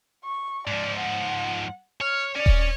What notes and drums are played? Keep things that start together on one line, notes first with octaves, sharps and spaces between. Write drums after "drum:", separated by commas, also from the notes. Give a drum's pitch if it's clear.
C#6
G#2 F3 D5
F#5
C#5 F6
C#4 C#5 D5
drum: kick D#1